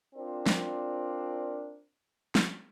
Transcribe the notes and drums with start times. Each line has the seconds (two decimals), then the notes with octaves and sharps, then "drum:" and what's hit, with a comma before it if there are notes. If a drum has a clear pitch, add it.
0.15 C4 D4 F4 A#4 D5
0.46 drum: snare
2.35 drum: snare